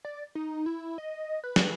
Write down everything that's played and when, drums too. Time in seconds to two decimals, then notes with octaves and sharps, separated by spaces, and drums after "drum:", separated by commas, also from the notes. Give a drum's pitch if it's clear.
0.05 D5
0.35 D#4
0.66 E4
0.98 D#5
1.44 B4
1.56 drum: snare